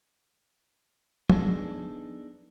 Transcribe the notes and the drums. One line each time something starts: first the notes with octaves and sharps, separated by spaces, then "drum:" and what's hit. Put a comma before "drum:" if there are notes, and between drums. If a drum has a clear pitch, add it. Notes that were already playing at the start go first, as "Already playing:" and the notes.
B3 D4 D#4 G#4 A4, drum: tom